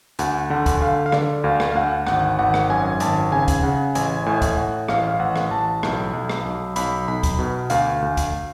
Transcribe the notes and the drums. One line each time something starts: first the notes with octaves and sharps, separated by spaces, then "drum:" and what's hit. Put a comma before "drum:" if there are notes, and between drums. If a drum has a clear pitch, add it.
D2 F#5, drum: hi-hat
D3 F#5
drum: kick, hi-hat
D3 F5
F5
D3 D5, drum: rim click
D2 F5
drum: rim click
F5
D2 F#5
G#1 F#5, drum: rim click
G#1 F#5
drum: rim click
F#2 G#5
G#1 A5, drum: hi-hat
C#3 G#5
drum: kick, hi-hat
C#3 F#5
A1 G#5, drum: hi-hat
A2 G#5
drum: kick, hi-hat
A2 F#5
A1 F5, drum: rim click
F5
A1 F#5
drum: rim click
A1 A5
B1, drum: rim click
B1
drum: rim click
B1
B1 B5, drum: hi-hat
B1 B5
drum: kick, hi-hat
B2
D2 F5, drum: hi-hat
D2
drum: kick, hi-hat